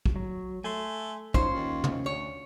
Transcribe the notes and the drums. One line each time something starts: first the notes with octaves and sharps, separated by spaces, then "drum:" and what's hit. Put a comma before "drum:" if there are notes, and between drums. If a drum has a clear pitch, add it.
drum: kick
F#3
A3 G#5 C6
C#4 D#4 F4 C5 C#5, drum: kick
D#2
drum: tom
D2 C#5